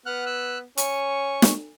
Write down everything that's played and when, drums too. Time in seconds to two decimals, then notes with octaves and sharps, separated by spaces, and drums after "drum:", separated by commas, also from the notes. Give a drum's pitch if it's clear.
0.06 B3 F#5 F6 F#6
0.26 E6 F#6
0.78 C#4 C#6, drum: hi-hat
1.42 drum: snare